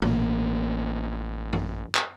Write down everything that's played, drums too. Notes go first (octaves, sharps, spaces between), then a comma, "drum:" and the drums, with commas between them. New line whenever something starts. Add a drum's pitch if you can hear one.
A1 A#3, drum: tom
drum: tom F#2
drum: clap